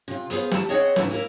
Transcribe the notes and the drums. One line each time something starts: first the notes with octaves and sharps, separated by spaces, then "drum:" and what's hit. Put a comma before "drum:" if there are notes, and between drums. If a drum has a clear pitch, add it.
C3 F4
B3 G#4 C5 F5, drum: hi-hat
G3 A5, drum: snare
C4 G#4 C#5 D#5 E5 F#5
G#2 C#3 E3 D4 B4, drum: snare
A#3 E4 A#4